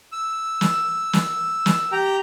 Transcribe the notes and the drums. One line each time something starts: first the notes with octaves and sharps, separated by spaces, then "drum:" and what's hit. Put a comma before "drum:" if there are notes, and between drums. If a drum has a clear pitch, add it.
E6
drum: snare
drum: snare
drum: snare
G4 G5 A#5